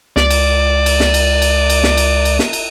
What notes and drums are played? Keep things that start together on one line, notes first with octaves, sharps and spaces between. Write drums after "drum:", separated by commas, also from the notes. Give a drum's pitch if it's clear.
C#2 D5, drum: snare
drum: cymbal
drum: cymbal
drum: snare
drum: cymbal
drum: cymbal
drum: cymbal
drum: snare
drum: cymbal
drum: cymbal
drum: snare
drum: cymbal